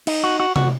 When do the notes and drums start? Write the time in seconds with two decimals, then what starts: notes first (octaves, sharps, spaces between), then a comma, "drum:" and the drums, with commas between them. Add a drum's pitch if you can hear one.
0.07 D#4, drum: cymbal
0.24 F#4
0.40 F#4
0.56 F#4, drum: tom C3